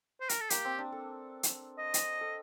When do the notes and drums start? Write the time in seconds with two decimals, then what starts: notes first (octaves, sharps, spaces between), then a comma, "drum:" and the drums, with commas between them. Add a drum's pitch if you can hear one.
0.21 C5
0.29 A#4, drum: hi-hat
0.41 A4
0.50 A#3 G4, drum: hi-hat
0.65 C4
0.79 D4
0.92 A4
1.43 drum: hi-hat
1.78 D#5
1.94 drum: hi-hat
2.21 A4